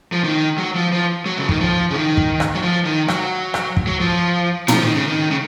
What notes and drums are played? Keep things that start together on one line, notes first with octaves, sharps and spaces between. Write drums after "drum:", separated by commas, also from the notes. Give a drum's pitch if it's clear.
F3
D#3
F#3
F3
F3
F#3
C#3
D#3, drum: kick
F3
C#3
D#3
drum: kick
drum: rim click
F#3
F3
D#3
F#3, drum: rim click
drum: rim click
drum: kick
F#3
F3
F3, drum: tom
D#3
C#3
D#3
C#3